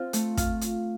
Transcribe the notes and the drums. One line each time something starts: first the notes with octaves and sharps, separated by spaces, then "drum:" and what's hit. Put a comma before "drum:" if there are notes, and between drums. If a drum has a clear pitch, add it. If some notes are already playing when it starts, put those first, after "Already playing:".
Already playing: C4 F4 C5
A3, drum: hi-hat
F4, drum: kick, hi-hat
drum: hi-hat